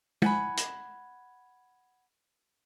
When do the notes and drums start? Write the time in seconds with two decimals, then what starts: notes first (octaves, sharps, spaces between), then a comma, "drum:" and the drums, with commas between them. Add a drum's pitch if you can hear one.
0.22 F#5 G#5 B5, drum: tom
0.57 drum: hi-hat